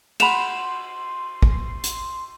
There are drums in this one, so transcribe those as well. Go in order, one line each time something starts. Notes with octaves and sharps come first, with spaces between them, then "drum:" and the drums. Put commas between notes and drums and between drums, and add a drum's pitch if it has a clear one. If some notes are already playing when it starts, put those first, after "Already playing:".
F#5 B5 C6 E7 F7, drum: cymbal
drum: kick
drum: hi-hat